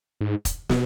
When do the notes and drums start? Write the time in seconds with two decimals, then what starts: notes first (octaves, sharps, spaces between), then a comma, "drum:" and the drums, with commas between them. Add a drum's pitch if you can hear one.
0.21 G#2
0.45 drum: kick, hi-hat
0.69 B2, drum: snare